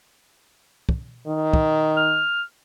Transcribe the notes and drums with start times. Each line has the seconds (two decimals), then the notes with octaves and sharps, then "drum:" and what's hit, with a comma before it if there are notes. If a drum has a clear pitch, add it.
0.89 drum: kick
1.27 D#3
1.53 drum: kick
1.97 F6